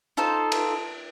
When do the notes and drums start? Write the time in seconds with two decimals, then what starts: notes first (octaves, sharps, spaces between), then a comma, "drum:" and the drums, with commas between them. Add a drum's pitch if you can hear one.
0.17 D#4 F4 A4 C5
0.52 drum: cymbal